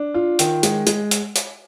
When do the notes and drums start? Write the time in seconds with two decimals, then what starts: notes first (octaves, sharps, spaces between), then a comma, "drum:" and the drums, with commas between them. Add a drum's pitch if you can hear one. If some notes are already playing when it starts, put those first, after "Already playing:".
Already playing: D4
0.14 F4
0.39 D#3, drum: hi-hat
0.63 G#3, drum: hi-hat
0.87 G#3, drum: hi-hat
1.11 drum: hi-hat
1.36 drum: hi-hat